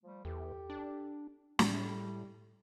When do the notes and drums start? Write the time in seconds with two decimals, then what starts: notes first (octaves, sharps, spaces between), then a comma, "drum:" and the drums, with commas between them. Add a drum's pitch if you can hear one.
0.04 F3 G3 A3
0.25 E2 G4 A4
0.70 D4
1.59 A2 G3, drum: snare